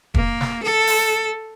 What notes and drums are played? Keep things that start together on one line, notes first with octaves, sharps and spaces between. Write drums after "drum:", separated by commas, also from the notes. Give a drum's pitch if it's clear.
A#3, drum: kick
drum: snare
A4
drum: open hi-hat